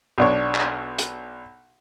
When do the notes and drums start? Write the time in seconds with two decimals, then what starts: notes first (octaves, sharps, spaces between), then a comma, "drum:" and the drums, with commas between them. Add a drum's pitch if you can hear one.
0.18 B1 D4 C#5
0.55 drum: clap
0.98 drum: hi-hat